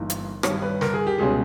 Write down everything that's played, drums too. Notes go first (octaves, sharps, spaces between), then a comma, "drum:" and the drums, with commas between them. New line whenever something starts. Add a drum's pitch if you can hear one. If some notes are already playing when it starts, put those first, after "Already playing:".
Already playing: G1 G2 E3 A#3 D#4
drum: hi-hat
G2 D#3 G3 C#5, drum: rim click
B4
A#4, drum: snare
G#4
G4
C#2 B2 G3 C#4 G#4